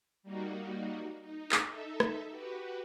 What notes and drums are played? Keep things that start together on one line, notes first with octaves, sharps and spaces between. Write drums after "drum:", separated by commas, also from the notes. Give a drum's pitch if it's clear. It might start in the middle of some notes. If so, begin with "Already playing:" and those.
G3 A#3 D#4 F#4
D#4
drum: clap
D#4 A4 E5
drum: rim click
F#4 G4 B4